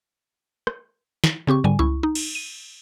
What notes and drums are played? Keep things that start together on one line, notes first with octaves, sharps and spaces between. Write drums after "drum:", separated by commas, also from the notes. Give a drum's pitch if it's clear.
drum: rim click
drum: snare
C#3 C4 G4 C#6
G#2 D3 G3 G#5
C#2 E4 C#6
D#4
drum: cymbal
D#7